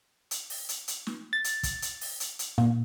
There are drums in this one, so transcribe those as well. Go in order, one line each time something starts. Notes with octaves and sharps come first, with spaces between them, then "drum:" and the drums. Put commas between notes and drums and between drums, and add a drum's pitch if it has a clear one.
drum: hi-hat
drum: open hi-hat
drum: hi-hat
drum: hi-hat
drum: snare
A6
drum: hi-hat
drum: kick, hi-hat
drum: hi-hat
drum: open hi-hat
drum: hi-hat
drum: hi-hat
A#2, drum: snare